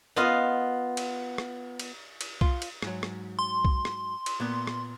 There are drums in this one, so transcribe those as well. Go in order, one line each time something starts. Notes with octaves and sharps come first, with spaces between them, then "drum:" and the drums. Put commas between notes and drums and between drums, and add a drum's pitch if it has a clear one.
B3 F4 D#5 F5
drum: cymbal
drum: rim click
drum: cymbal
drum: cymbal
F4, drum: kick B1
drum: cymbal
G#2 F#3, drum: rim click
drum: rim click
C6
drum: kick B1
drum: rim click
drum: cymbal
A#2 B3
drum: rim click